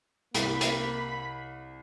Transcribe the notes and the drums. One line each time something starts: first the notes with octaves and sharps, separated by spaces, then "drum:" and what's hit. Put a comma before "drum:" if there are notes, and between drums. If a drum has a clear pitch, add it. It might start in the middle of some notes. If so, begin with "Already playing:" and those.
C2 A#3 B5, drum: hi-hat
drum: hi-hat